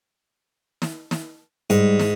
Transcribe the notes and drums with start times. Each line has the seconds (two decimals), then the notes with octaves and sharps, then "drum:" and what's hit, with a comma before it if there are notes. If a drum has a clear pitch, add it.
0.82 drum: snare
1.11 drum: snare
1.70 G#2 G3, drum: hi-hat
1.99 drum: snare